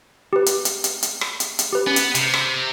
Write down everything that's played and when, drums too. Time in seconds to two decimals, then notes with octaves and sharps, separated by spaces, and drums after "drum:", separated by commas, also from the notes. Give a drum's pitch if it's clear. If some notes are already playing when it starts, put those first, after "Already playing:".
0.33 G4 B4
0.46 drum: hi-hat
0.65 drum: hi-hat
0.84 drum: hi-hat
1.03 drum: hi-hat
1.21 drum: rim click
1.40 drum: hi-hat
1.59 drum: hi-hat
1.73 G4 B4
1.87 B3 C#4
1.96 drum: hi-hat
2.15 C3, drum: hi-hat
2.34 drum: rim click